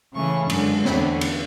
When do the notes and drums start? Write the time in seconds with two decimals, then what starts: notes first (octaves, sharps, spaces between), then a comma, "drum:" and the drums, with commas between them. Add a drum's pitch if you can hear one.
0.14 C#3 E3 A3 C#4 C#6
0.49 F#2 D3 G#3, drum: cymbal
0.85 E2 D3 A3 C#4 B5, drum: snare
1.21 drum: cymbal